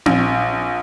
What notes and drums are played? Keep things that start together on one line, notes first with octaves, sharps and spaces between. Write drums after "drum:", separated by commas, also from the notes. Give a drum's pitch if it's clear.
A#1, drum: tom C4